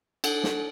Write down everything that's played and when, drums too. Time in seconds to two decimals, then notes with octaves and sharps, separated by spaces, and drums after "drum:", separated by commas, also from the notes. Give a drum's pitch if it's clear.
0.24 D4 A4 F#5, drum: cymbal
0.44 drum: snare